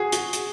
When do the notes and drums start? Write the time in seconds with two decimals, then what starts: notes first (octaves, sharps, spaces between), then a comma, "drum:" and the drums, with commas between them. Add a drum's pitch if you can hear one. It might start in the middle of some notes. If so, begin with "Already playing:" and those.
Already playing: F#4 G#4
0.12 F#4, drum: hi-hat
0.33 drum: hi-hat